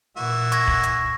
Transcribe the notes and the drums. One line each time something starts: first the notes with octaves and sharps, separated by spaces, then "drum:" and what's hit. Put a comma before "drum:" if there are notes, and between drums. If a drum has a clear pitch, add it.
A#2 E3 F#4 E5
C#6 G#6 A#6, drum: hi-hat
drum: kick
drum: hi-hat